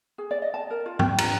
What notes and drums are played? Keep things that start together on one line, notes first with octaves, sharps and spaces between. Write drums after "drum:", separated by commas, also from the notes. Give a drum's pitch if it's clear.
G#4
D5
D#5
A5
A#4
F4
G5, drum: tom
A#5, drum: cymbal